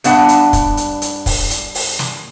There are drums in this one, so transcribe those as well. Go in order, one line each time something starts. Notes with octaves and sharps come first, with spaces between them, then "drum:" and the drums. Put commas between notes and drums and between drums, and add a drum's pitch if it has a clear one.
G2 B3 D4 F#5, drum: hi-hat
drum: hi-hat
drum: kick, hi-hat
drum: hi-hat
drum: hi-hat
drum: kick, open hi-hat
drum: hi-hat
drum: open hi-hat
drum: snare